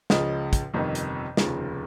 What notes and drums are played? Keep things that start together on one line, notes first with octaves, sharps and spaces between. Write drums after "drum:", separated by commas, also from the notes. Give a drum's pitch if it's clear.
C#2 C#3 F3 D#5, drum: snare
drum: kick, hi-hat
G1 F2 C3 D#3
drum: hi-hat
F1 D#2 C#3 F3, drum: snare